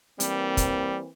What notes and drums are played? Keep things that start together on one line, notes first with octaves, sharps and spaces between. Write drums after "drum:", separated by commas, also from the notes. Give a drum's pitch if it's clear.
E3 G3 A#3 C4, drum: hi-hat
drum: kick, hi-hat